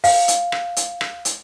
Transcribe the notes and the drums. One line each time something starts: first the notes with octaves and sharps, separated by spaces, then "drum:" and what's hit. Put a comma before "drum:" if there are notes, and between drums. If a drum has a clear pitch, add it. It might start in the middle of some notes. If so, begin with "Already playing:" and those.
F5, drum: open hi-hat
drum: hi-hat
drum: rim click
drum: hi-hat
drum: rim click
drum: hi-hat